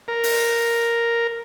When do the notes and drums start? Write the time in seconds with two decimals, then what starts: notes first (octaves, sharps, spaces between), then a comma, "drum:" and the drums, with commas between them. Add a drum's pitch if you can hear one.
0.08 A#4
0.23 drum: open hi-hat